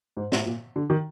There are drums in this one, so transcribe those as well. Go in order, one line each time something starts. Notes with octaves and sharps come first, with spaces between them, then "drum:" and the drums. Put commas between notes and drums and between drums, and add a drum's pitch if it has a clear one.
G#2
A2, drum: snare
A#2
D3
D#3